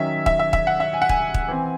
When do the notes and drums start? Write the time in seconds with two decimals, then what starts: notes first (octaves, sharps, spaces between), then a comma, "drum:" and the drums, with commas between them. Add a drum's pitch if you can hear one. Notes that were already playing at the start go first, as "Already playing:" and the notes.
Already playing: D#3 F#3 C#4 E5
0.26 E5, drum: kick
0.39 E5
0.53 E5, drum: kick
0.67 F#5
0.80 E5
0.94 G#5
1.02 F#5
1.09 G#5, drum: kick
1.34 drum: kick
1.48 E3 C4